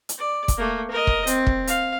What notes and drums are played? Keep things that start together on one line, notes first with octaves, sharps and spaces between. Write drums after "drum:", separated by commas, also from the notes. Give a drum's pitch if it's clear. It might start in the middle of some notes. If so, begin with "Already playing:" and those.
drum: hi-hat
D5
drum: kick, hi-hat
A3 A#3
A#4 D#5
drum: kick
C4, drum: hi-hat
drum: kick
F5, drum: hi-hat